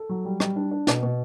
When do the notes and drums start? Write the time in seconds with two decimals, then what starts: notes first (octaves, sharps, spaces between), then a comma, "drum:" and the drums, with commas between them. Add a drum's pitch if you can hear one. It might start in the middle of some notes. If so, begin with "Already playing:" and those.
Already playing: A4
0.09 F#3
0.25 G3
0.40 G3, drum: rim click
0.56 D4
0.71 D4
0.87 B2, drum: snare
1.03 B2